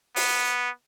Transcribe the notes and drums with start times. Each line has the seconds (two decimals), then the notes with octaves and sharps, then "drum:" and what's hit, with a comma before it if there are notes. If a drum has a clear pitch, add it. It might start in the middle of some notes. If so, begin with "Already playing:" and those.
0.16 B3, drum: open hi-hat